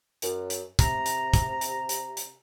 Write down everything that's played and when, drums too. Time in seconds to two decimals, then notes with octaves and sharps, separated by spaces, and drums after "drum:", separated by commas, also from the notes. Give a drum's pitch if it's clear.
0.22 F#2, drum: hi-hat
0.50 drum: hi-hat
0.79 C3 A#5, drum: kick, hi-hat
1.06 drum: hi-hat
1.34 drum: kick, hi-hat
1.61 drum: hi-hat
1.89 drum: hi-hat
2.17 drum: hi-hat